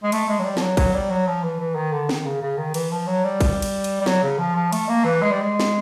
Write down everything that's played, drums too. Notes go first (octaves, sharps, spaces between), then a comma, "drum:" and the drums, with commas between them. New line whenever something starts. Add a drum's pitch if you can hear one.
G#3
A3, drum: cymbal
G#3
F#3
G3
F3, drum: snare
F#3
F#3, drum: kick, cymbal
G3
F#3
F3
E3
E3
D#3
D3
D#3, drum: snare
C#3
C#3
D#3
E3, drum: cymbal
F3
F#3
G3
drum: kick, cymbal
drum: cymbal
drum: cymbal
G3
F#3, drum: snare
C#3
F3
F3
A3, drum: cymbal
A#3
E3
G#3
G3
G#3
drum: snare